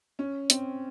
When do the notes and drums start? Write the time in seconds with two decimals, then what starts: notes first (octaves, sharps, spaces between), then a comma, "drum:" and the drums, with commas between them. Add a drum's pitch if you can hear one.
0.19 C#4
0.50 C4, drum: hi-hat